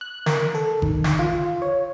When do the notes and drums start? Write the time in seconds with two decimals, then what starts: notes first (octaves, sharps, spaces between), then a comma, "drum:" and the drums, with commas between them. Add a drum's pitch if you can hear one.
0.01 F#6
0.26 A#4, drum: snare
0.55 A4
0.82 D#3, drum: kick G1
1.04 drum: snare
1.19 F4
1.62 C#5